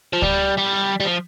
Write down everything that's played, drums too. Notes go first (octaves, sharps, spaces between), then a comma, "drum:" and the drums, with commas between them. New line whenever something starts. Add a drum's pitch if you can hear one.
F3
G3, drum: kick C#2
G3
G3
F3